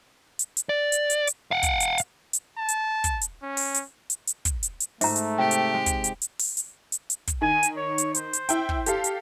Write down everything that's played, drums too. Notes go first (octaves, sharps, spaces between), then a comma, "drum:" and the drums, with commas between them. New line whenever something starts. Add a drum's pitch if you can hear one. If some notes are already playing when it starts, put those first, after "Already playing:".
drum: hi-hat
drum: hi-hat
D5
drum: hi-hat
drum: hi-hat
drum: hi-hat
F5 F#5
drum: kick, hi-hat
drum: hi-hat
drum: hi-hat
drum: hi-hat
A5
drum: hi-hat
drum: kick, hi-hat
drum: hi-hat
C#4
drum: open hi-hat
drum: hi-hat
drum: hi-hat
drum: hi-hat
drum: kick, hi-hat
drum: hi-hat
drum: hi-hat
G#2 A3 E5 A#5, drum: open hi-hat
drum: hi-hat
C3 G4 G5
drum: hi-hat
G#3
drum: kick, hi-hat
drum: hi-hat
drum: hi-hat
drum: open hi-hat
drum: hi-hat
drum: hi-hat
drum: hi-hat
drum: kick, hi-hat
D#3 G#5
drum: hi-hat
C#5
drum: hi-hat
C5, drum: hi-hat
drum: hi-hat
E4 G5, drum: hi-hat
drum: kick
G4 A4 F5, drum: hi-hat
drum: hi-hat